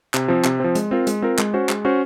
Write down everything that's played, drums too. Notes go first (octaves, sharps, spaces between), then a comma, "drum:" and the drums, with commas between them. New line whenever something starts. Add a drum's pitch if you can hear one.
C3, drum: clap
F3 C4
C3, drum: clap
F3 C4
G#3, drum: hi-hat
C4 F4 A#4
G#3, drum: hi-hat
C4 F4 A#4
G#3, drum: clap
C#4 F#4 C5
G#3, drum: clap
C#4 F#4 C5